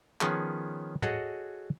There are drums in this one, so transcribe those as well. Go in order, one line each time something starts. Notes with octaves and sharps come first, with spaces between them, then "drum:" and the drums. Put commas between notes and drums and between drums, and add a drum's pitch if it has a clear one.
D#3 F3 B3 C#4 G#4, drum: clap
F#4 G#4 A4 C#5 D#5 F#5, drum: tom